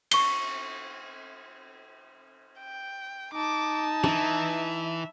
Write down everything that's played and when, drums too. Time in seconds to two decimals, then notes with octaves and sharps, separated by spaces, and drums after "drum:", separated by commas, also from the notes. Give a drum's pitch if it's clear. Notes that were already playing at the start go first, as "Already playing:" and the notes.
0.11 C#6 G7, drum: cymbal
2.60 G5
3.33 D#4 A5 D6
4.04 E3 E5, drum: tom